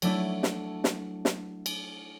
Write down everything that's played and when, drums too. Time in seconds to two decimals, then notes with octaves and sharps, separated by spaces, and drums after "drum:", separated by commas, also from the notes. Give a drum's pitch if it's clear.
0.02 F#3 A3 D4 E4, drum: cymbal
0.43 drum: snare
0.84 drum: snare
1.25 drum: snare
1.66 drum: cymbal